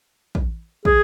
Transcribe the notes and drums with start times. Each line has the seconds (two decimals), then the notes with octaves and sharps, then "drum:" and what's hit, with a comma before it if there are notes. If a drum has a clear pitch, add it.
0.35 drum: kick
0.85 G#4, drum: kick